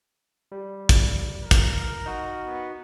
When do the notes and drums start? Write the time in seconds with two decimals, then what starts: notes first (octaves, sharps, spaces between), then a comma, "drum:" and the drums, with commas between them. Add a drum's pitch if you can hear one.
0.52 G3
0.89 drum: kick, hi-hat
1.42 A#4
1.51 drum: kick, hi-hat
2.06 D#4 F#4
2.44 B3